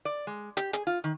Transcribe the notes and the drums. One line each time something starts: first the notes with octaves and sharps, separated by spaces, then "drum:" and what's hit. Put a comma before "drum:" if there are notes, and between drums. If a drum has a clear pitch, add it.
D5
G#3
G4, drum: hi-hat
G#4, drum: hi-hat
F4
D#3